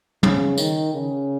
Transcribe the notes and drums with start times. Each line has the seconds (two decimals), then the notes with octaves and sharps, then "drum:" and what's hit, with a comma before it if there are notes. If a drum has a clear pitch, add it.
0.23 C#3, drum: tom
0.58 D#3, drum: tambourine
0.93 C#3